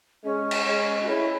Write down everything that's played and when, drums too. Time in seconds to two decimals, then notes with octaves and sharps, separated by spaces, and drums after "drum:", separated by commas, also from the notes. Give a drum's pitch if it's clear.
0.24 G#3 C#4
0.51 drum: cymbal
0.66 G#3
1.02 F#4
1.08 C#4 E4